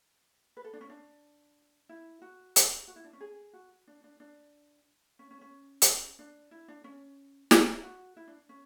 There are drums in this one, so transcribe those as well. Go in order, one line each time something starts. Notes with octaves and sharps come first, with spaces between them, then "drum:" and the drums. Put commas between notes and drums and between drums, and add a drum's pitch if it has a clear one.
B4
A4
D4
C#4
D4
E4
F#4
drum: hi-hat
F#4
E4
D4
C#4
G#4
F#4
D4
D4
D4
C#4
C#4
C#4
drum: hi-hat
D4
E4
D4
C#4
C#4, drum: snare
D4
E4
F#4
E4
D4
C#4